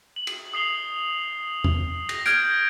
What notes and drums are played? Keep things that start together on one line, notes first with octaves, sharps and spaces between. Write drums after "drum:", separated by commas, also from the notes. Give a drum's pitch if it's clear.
F#7
drum: cymbal
D#6 C7 F7 G7
drum: tom E2
A#6, drum: cymbal
F6 G6 G#6 D7, drum: hi-hat